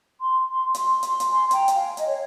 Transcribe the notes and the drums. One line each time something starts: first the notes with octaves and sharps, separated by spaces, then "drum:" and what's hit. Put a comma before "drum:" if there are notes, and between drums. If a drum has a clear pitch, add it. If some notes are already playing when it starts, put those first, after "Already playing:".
C6
C6
C6, drum: hi-hat
C6, drum: hi-hat
drum: hi-hat
G#5 C6
G5 A#5, drum: hi-hat
A#5, drum: hi-hat
F5 G#5
D#5, drum: hi-hat
C#5